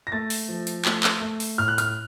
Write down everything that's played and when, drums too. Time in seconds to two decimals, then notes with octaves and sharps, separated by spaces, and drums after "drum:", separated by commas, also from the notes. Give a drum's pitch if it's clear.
0.07 A#6
0.12 A3 A6
0.30 drum: open hi-hat
0.49 F3
0.67 drum: hi-hat
0.85 A3, drum: clap
1.03 drum: clap
1.21 A3
1.40 drum: open hi-hat
1.58 A2 F6
1.68 F#6
1.78 F6, drum: hi-hat